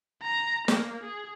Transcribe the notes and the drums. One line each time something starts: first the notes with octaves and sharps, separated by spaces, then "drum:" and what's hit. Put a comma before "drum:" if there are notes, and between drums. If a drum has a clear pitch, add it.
A#5
A#3, drum: snare
G#4